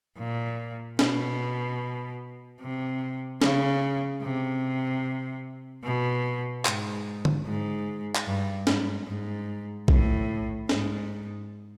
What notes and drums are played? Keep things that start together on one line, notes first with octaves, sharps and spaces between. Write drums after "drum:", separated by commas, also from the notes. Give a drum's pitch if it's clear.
A#2
B2, drum: snare
C3
C#3, drum: snare
C3
B2
G#2, drum: clap
drum: tom D3
G#2
drum: clap
G2
G#2, drum: snare
G#2
A2, drum: kick
G#2, drum: snare